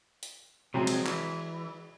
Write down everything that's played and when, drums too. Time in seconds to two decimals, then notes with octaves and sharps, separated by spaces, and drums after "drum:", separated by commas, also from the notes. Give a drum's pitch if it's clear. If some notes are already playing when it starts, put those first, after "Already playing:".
0.23 drum: hi-hat
0.74 C3 F3 F#3 G#3 C4
0.87 drum: cymbal
1.06 E3, drum: clap